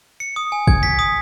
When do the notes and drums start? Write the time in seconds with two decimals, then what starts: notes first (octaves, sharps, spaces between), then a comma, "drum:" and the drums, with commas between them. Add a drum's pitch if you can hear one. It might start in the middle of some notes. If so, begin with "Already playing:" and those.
0.20 C#7
0.36 D#6
0.52 G#5
0.67 G#6, drum: kick
0.83 B6
0.99 D#6